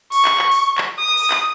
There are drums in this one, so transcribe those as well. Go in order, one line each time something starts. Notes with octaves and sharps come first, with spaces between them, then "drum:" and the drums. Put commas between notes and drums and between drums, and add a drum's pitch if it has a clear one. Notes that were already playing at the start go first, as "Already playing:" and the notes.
C#6, drum: open hi-hat
drum: clap
drum: clap
drum: open hi-hat
drum: clap
D#6
drum: open hi-hat
drum: clap